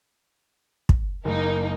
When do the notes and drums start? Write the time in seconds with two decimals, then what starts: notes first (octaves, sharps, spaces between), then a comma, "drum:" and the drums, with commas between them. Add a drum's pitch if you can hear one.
0.89 drum: kick
1.25 F#1 A#3 D#4 A#4